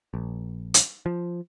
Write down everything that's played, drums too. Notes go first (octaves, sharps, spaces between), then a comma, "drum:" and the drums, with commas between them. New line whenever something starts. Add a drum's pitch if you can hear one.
A#1
drum: hi-hat
F3